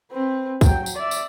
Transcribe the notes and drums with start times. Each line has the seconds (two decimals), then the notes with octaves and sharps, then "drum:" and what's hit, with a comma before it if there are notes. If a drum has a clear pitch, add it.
0.11 C4 B4
0.61 F#3 G5, drum: kick, tambourine
0.86 drum: tambourine
0.96 D5 E5
1.11 drum: tambourine